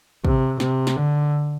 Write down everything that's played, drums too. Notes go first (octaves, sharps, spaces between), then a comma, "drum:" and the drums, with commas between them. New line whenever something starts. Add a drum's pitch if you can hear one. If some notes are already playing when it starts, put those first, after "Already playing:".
C3, drum: kick
C3, drum: snare
drum: snare
D3